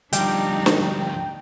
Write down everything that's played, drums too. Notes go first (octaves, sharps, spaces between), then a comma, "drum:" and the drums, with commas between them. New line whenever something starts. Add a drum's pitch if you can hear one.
D2 F3 G3 D4 D#4 G5, drum: hi-hat
drum: snare